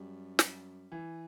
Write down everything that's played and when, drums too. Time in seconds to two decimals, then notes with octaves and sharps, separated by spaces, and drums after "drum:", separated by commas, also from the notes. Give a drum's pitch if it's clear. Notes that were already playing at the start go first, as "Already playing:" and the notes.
Already playing: F#2 G3
0.39 drum: snare
0.92 E3